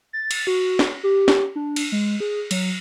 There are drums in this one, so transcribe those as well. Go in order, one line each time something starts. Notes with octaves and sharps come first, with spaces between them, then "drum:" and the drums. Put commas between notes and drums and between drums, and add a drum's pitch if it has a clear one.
A6
drum: cymbal
F#4
drum: snare
G4
drum: snare
D4
drum: cymbal
G#3
G#4
F#3, drum: cymbal